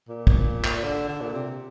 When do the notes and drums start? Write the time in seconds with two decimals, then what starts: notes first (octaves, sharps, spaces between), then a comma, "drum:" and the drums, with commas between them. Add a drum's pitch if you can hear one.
0.08 A#2
0.27 drum: kick
0.64 drum: clap
0.83 D3
1.08 D3
1.21 A#2
1.34 C3